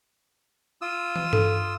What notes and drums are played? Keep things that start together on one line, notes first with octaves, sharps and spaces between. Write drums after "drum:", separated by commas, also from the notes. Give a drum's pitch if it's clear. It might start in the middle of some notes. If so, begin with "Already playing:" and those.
F4 D#6 E6
drum: tom
A4, drum: tom G2